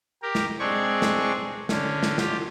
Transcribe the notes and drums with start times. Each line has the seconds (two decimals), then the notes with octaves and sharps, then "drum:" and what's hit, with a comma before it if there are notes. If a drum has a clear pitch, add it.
0.22 G4 A#4
0.35 drum: snare
0.59 G#3 C4 D4 G#4 C#6
1.02 drum: snare
1.69 D3 C#4, drum: snare
2.03 drum: snare
2.18 F4 G4, drum: snare